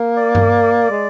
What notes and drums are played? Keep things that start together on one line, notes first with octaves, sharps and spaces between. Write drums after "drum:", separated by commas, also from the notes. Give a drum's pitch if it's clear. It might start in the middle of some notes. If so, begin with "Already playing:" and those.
Already playing: A#3
D5
drum: tom G2
G#3